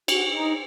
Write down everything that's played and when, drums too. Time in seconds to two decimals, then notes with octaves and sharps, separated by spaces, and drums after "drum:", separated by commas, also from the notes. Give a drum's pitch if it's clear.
0.08 F#4, drum: cymbal
0.32 D#4